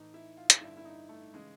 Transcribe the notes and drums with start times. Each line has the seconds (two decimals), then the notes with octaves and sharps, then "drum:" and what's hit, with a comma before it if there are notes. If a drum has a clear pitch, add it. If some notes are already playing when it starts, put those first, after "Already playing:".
Already playing: A2 E3 D#4
0.14 E4
0.37 F4
0.50 drum: hi-hat
0.61 G2 D3 E4
0.77 E4
0.85 D#4
1.09 A3
1.34 C#3 E3 G#3